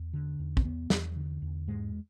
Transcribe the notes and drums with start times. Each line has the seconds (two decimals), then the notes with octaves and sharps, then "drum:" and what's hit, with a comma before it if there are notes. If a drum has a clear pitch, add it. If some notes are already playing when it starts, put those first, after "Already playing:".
Already playing: E2
0.13 D3
0.39 E2
0.57 C4, drum: kick
0.64 E2 B3
0.90 E2, drum: snare
1.16 D3
1.42 E2
1.67 G#2 G#3